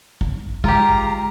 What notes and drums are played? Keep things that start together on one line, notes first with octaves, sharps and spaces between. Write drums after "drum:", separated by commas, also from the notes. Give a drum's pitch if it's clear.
drum: kick
G#3 F4 G4 A#5, drum: kick